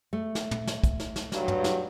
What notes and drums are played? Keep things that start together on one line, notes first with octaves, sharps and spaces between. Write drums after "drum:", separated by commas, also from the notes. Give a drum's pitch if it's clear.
A3
drum: snare
drum: tom
drum: snare
drum: kick, hi-hat
drum: snare
drum: snare
G2 F#3, drum: snare
drum: tom
drum: snare